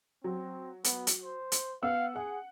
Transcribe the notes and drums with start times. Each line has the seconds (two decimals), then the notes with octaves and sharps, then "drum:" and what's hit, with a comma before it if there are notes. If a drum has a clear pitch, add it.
0.24 F#3 C4
0.84 B3, drum: hi-hat
1.07 drum: hi-hat
1.23 C5
1.52 drum: hi-hat
1.83 B3 F5 F#5 E6
2.16 G#4 F#5